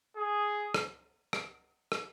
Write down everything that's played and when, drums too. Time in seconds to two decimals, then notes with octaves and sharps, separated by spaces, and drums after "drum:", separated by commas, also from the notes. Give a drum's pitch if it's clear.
0.16 G#4
0.74 drum: rim click
1.33 drum: rim click
1.92 drum: rim click